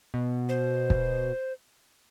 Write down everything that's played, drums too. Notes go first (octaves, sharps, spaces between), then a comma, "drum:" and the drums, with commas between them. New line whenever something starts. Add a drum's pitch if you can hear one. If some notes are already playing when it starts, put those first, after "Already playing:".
B2
C5
drum: kick